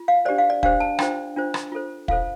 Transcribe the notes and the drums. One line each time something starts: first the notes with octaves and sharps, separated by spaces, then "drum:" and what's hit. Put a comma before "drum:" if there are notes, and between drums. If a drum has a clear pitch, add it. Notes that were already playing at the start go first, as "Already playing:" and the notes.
Already playing: F4
F5
D4 G4 C5 D5
F5
D5
D4 G4 C5 F5, drum: kick
A5
D4 F4 C5 G5, drum: rim click
D4 F4 C5
drum: rim click
F4 A4 C5
F4 A4 C5 F5, drum: kick